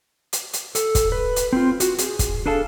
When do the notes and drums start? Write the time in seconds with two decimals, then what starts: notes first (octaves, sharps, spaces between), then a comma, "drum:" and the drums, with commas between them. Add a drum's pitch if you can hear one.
0.33 drum: hi-hat
0.53 drum: hi-hat
0.75 A4, drum: hi-hat
0.95 drum: kick, hi-hat
1.12 B4
1.36 drum: hi-hat
1.53 C4 F4
1.80 F#4, drum: hi-hat
1.98 G#4, drum: hi-hat
2.19 drum: kick, hi-hat
2.46 D4 G#4 A4 F5 A5